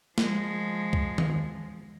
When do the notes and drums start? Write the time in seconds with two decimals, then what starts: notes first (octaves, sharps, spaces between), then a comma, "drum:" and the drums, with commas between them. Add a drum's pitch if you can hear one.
0.18 F3 G#3, drum: snare
0.93 drum: kick
1.18 drum: tom D#3